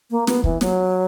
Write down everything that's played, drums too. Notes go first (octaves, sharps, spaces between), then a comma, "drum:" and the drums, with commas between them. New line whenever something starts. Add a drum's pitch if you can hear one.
A#3
B3, drum: snare
E3, drum: kick
F#3, drum: snare